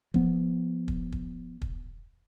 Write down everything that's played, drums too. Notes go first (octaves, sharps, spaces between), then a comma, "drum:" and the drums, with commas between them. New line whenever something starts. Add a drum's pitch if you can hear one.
F3 B3, drum: kick
drum: kick
drum: kick
drum: kick